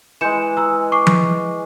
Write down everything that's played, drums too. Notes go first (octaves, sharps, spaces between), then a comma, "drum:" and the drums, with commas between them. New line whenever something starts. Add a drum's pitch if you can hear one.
E3 G#3 G6 C#7 E7
A#5 E6
C#6 D6 C7
drum: tom F3